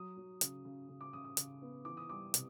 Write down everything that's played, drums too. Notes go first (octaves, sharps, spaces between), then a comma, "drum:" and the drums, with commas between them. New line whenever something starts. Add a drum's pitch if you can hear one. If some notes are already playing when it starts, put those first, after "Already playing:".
Already playing: F#3 D#6
F#3
C#3, drum: hi-hat
C#3
C#3
D6
C#3 D#6
D#6
C#3, drum: hi-hat
B3
E3 D6
D#6
G3 D6
C3, drum: hi-hat